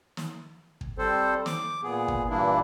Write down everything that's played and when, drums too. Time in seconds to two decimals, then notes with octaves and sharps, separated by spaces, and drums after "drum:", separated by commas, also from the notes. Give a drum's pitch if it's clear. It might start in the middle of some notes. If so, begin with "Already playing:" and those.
0.17 drum: snare
0.81 drum: kick
0.98 G3 C4 A4 C5
1.46 D6, drum: snare
1.83 A#2 B3 G#4
2.08 drum: kick
2.29 G2 A#2 E3 A#3 D4 E4